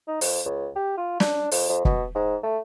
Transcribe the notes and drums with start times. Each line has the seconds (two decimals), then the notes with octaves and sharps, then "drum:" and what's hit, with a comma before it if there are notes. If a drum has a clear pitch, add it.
0.08 D#4
0.21 F2, drum: open hi-hat
0.45 C#2
0.76 G4
0.97 F4
1.20 D4, drum: snare
1.51 F2, drum: open hi-hat
1.69 F2
1.85 B2, drum: kick
2.15 G#2
2.43 A3